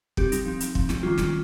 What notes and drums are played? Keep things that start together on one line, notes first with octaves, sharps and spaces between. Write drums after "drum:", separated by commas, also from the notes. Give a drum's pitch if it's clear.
G3 C4 G4, drum: kick
D#4, drum: hi-hat
F3 C4
drum: hi-hat
F3 C4, drum: kick
drum: snare
D#3 G3 C#4 F4
drum: snare